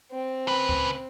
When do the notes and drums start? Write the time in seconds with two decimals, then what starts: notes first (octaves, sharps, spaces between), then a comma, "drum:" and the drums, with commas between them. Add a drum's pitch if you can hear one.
0.12 C4
0.48 C#3 B4
0.69 drum: kick C#2